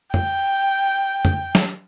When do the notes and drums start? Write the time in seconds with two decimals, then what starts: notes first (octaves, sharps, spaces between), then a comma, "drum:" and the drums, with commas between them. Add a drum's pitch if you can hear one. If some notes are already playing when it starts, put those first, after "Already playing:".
0.14 G5, drum: tom F2
1.25 drum: tom F2
1.55 drum: snare